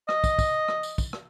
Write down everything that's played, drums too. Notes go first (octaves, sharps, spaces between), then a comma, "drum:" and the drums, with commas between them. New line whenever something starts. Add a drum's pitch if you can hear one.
D#5, drum: rim click
drum: kick, tambourine
drum: kick, tambourine
drum: rim click
drum: tambourine
drum: kick, tambourine
drum: rim click